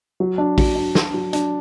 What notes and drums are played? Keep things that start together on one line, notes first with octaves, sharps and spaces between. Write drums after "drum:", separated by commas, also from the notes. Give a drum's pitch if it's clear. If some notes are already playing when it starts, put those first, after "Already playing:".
F#3
D4
F#3, drum: kick, open hi-hat
D4
D4, drum: snare
F#3
D4, drum: hi-hat